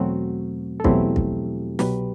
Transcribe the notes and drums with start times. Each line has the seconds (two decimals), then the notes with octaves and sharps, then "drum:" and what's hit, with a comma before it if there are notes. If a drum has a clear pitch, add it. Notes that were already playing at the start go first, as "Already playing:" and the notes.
Already playing: E2 B2 F#3 A3 C4 F#4
0.80 A4
0.84 E2 B2 F#3 A3 C4 E4 G4, drum: kick
1.16 drum: kick
1.79 C2 B2 F#3 G4 B4, drum: snare